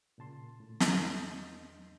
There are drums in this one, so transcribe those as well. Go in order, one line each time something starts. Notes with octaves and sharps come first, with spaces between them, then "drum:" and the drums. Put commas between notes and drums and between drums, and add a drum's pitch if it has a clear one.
A#2 C#3 A5 C6
A2
E2 D4 D#5 C6 D#6 G6, drum: snare